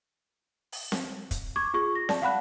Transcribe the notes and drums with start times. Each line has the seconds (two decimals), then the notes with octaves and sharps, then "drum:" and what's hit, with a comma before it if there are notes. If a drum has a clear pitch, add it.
0.72 drum: open hi-hat
0.92 drum: snare C4
1.31 drum: kick, hi-hat
1.56 C#6 D6 G#6
1.74 F4 G#4 C#6
1.95 A#6
2.09 D5 A5, drum: snare C4
2.22 F5 F#5 B5 F#6